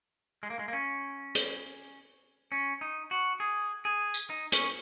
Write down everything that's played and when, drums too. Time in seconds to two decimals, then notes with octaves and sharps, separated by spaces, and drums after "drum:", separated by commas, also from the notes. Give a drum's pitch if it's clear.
0.43 G#3
0.50 A#3
0.59 G#3
0.68 A#3
0.73 C#4
1.35 drum: hi-hat
2.52 C#4
2.81 D#4
3.11 F#4
3.40 G#4
3.85 G#4
4.14 drum: tambourine
4.30 D#4
4.52 C#4, drum: hi-hat